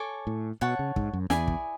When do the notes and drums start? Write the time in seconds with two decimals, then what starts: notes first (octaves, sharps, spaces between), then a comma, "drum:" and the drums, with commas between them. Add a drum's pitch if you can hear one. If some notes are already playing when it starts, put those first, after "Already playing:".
Already playing: A4 C#5 G#5 D6
0.27 A2
0.61 B2 C#5 F#5 A5 C#6
0.79 C#3
0.96 G#2, drum: kick
1.13 F#2
1.30 E2 E4 G#4 D5 G#5, drum: snare
1.48 drum: kick